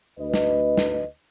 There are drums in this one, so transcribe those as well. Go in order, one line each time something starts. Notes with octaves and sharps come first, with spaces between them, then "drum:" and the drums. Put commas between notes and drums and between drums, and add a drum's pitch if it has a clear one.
D2 B4 D#5
drum: snare
drum: snare